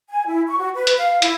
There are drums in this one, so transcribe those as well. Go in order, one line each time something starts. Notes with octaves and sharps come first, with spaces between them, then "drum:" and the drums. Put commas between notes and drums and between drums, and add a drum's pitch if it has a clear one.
G#5
E4
C#6
F#4
B4
drum: hi-hat
F5
E4, drum: hi-hat